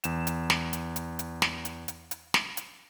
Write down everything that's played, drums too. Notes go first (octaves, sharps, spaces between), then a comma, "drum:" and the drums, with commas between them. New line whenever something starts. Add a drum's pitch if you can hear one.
E2 E7, drum: hi-hat
drum: hi-hat
drum: snare
drum: hi-hat
drum: hi-hat
drum: hi-hat
drum: snare
drum: hi-hat
drum: hi-hat
drum: hi-hat
drum: snare
drum: hi-hat